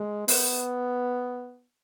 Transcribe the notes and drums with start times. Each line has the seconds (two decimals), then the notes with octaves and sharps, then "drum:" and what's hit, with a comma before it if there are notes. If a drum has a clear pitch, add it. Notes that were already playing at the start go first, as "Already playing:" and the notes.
Already playing: G#3
0.28 B3, drum: open hi-hat